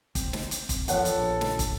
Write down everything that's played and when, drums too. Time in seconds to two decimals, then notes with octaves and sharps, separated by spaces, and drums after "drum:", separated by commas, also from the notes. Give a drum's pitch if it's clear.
0.15 C4, drum: kick, hi-hat
0.33 drum: snare
0.51 drum: hi-hat
0.69 drum: kick, hi-hat
0.88 F3 B3 A4 C#5 F#5 G5, drum: hi-hat
1.05 drum: hi-hat
1.18 A#1
1.41 drum: snare
1.59 drum: kick, hi-hat